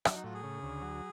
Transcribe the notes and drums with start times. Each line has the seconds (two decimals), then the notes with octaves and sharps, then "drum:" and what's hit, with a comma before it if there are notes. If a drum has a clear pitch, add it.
0.05 F#3 D4, drum: rim click
0.14 D#4
0.24 A2 F4
0.34 G#4
0.43 C#3
0.63 D2
0.82 F#3